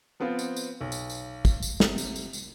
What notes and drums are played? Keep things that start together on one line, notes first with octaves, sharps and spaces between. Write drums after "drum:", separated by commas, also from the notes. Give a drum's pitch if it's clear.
F3 B3 C4 F4
drum: tambourine
drum: tambourine
B1
drum: tambourine
drum: tambourine
drum: kick, tambourine
drum: tambourine
C3, drum: snare
drum: tambourine
drum: tambourine
drum: tambourine